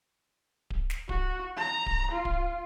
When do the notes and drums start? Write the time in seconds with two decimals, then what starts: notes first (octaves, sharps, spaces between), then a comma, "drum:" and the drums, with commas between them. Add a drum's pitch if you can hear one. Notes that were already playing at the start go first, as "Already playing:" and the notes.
0.70 drum: kick D1
0.90 drum: snare
1.09 F#4, drum: kick D1
1.57 A#5
1.86 drum: kick D1
2.11 F4
2.25 drum: kick D1